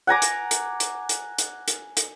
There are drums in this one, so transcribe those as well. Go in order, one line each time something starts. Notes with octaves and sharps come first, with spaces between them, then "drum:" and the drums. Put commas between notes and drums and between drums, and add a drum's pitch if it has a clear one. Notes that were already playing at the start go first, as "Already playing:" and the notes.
F#5 G#5 A#5 D6
drum: hi-hat
drum: hi-hat
drum: hi-hat
drum: hi-hat
drum: hi-hat
drum: hi-hat
drum: hi-hat